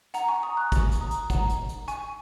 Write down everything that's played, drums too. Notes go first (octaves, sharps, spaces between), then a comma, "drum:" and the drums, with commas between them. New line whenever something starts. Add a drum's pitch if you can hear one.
F#5 A#5, drum: hi-hat
G#5 C#6
A#5 D#6
C#6 F#6
drum: kick, hi-hat
drum: hi-hat
A#5 D#6
drum: hi-hat
F#5 A#5, drum: kick, hi-hat
drum: hi-hat
drum: hi-hat
G#5 C#6, drum: hi-hat